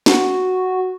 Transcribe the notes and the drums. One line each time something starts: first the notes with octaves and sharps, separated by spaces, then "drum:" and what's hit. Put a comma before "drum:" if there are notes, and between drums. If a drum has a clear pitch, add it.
F#4, drum: snare